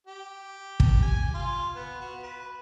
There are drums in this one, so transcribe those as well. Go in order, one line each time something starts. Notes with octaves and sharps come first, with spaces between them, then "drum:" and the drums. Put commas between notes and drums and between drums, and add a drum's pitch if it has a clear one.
G4
drum: kick
G#5
F4
B3
F#4
B4